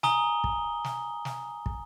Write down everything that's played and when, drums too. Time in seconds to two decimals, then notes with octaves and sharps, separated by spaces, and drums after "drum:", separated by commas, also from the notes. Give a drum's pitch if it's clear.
0.03 G#5 A#5 D#6 G7, drum: snare
0.44 drum: kick
0.84 drum: snare
1.25 drum: snare
1.66 drum: kick